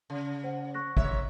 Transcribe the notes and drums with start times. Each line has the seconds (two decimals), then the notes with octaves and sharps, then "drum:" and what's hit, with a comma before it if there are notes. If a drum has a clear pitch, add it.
0.10 C#3
0.44 C5 F#5
0.74 C#6 F#6 A#6
0.97 G#2 C#5 E5, drum: kick